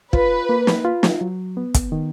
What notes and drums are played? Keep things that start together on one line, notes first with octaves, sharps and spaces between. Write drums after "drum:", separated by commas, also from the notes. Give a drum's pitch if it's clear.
F4 B4, drum: kick
A#3
drum: snare
F4
drum: snare
F#3
B3
drum: kick, hi-hat
D#3